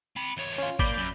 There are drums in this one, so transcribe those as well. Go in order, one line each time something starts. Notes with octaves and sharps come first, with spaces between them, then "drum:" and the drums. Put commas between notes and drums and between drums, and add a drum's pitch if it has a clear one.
C4 B5
E2 C#5
C#4 F4
A#3 D5 B5 G6, drum: kick G#1
F#2